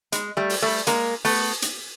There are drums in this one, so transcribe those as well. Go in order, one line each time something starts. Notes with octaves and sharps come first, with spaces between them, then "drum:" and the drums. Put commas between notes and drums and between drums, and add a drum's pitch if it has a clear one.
G#3, drum: hi-hat
G3 A3
drum: open hi-hat
G3 A3
G#3 A#3, drum: hi-hat
A3 B3, drum: open hi-hat
drum: hi-hat